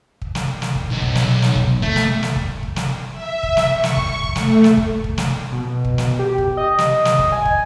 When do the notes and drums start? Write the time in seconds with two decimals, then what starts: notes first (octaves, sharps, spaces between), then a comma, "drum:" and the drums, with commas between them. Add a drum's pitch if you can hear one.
0.22 drum: kick
0.35 drum: snare
0.62 drum: snare
0.75 drum: kick
0.90 B1
1.02 drum: kick
1.15 drum: snare
1.42 drum: snare
1.56 drum: kick
1.82 A3, drum: kick
1.96 drum: snare
2.23 drum: snare
2.36 drum: kick
2.63 drum: kick
2.76 drum: snare
3.10 E5
3.43 drum: kick
3.57 drum: snare
3.73 C#6
3.84 drum: snare
3.97 drum: kick
4.24 drum: kick
4.36 A3, drum: snare
4.64 drum: snare
4.77 drum: kick
5.04 drum: kick
5.18 drum: snare
5.52 B2
5.85 drum: kick
5.98 drum: snare
6.19 G4
6.38 drum: kick
6.57 D#5
6.78 drum: snare
7.05 drum: snare
7.19 drum: kick
7.32 G#5
7.45 drum: kick